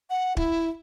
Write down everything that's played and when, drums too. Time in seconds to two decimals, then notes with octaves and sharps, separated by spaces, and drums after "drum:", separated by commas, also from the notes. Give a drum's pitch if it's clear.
0.10 F#5
0.37 E4, drum: kick